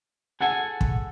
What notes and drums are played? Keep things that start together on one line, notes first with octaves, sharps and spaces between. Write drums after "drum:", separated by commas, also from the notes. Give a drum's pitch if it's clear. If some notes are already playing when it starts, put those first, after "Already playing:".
G#4 A4 F#5 G#5
drum: kick